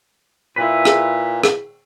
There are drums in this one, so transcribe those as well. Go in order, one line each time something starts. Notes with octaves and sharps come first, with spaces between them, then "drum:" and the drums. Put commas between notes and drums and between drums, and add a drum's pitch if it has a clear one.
A#2 E4 B4
drum: rim click
drum: rim click